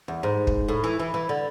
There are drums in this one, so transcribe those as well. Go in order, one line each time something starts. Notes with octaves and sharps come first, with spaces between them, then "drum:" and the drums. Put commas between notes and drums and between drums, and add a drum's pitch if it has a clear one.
E2
G#2
drum: kick
A2
E3
E3
E3
D3